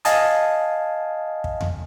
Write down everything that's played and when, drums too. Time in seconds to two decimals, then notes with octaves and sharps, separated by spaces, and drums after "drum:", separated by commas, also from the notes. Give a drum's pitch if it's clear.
0.05 D#5 F5 G#5 A5 D#6, drum: hi-hat
1.44 drum: kick
1.61 drum: tom E2